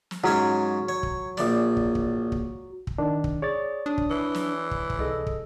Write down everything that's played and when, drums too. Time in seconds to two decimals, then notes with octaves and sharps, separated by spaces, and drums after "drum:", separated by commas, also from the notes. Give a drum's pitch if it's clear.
0.11 drum: snare
0.24 G#2 F#3 C#4 C#5
0.89 C#5
1.03 drum: kick
1.37 A#1 D5, drum: snare
1.77 drum: kick
1.95 drum: kick
2.32 drum: kick
2.87 drum: kick
2.98 D#3 D4
3.24 drum: kick
3.42 G#4 C#5 D5 A6
3.86 D4 D#6
3.98 drum: kick
4.10 E3
4.34 drum: snare
4.71 drum: kick
4.90 drum: kick
4.99 C2 G#4 A4 D#5
5.27 drum: kick